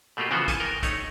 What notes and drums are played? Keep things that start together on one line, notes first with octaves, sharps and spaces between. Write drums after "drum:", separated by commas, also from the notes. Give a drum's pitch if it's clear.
B2 A3 A#3 F4 G4
C#3 E3 F3 B3 F#4 C5
A4 G#5 A5, drum: kick, hi-hat
A#4 G5
A3 D#4 C#5, drum: kick, hi-hat